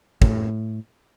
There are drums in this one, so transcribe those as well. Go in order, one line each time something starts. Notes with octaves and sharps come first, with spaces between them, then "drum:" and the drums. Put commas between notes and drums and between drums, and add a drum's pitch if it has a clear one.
A2, drum: kick